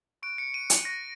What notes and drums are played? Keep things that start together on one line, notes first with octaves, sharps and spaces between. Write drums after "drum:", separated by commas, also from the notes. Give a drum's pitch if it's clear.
C#6 F#6 D7
C#7
D#7
C#7, drum: hi-hat
C#6 F#6 A#6